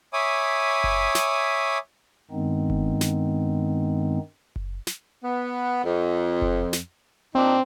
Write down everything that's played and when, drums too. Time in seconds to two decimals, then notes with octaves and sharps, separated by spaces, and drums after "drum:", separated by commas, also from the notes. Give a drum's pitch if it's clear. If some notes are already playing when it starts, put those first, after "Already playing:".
0.13 C#5 E5 G#5 B5 D6 D#6
0.84 drum: kick F#1
1.15 drum: snare
2.31 G2 D#3 G#3 B3 C4 D#4
2.70 drum: kick F#1
3.01 drum: snare
4.56 drum: kick F#1
4.87 drum: snare
5.23 B3
5.84 F2
6.42 drum: kick F#1
6.73 drum: snare
7.35 A#2 C4 D4 D#4